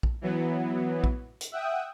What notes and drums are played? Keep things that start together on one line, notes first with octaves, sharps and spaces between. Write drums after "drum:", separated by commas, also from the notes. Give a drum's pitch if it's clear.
drum: kick A#1
E3 F#3 B3
drum: kick A#1
drum: hi-hat
E5 F#5 G5 D#6